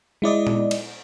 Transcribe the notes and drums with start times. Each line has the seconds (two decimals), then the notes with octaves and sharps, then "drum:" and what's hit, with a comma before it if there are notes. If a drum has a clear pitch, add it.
0.22 G#3 E4 D5 D#5
0.47 drum: tom A#2
0.71 drum: cymbal